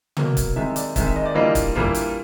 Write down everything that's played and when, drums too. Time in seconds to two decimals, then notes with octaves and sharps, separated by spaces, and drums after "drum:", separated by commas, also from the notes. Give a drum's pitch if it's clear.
0.17 B2 F#3 A#3, drum: tom
0.37 drum: kick, hi-hat
0.56 C3 D#3 G#3 E5
0.76 D5, drum: hi-hat
0.96 C3 D#3 G#3 E5, drum: kick, hi-hat
1.06 E5
1.16 D#5
1.26 D5
1.35 E3 G3 A#3 D4 F4 D#5
1.55 drum: kick, hi-hat
1.75 E3 G3 A#3 D4 F4, drum: tom A1
1.95 drum: hi-hat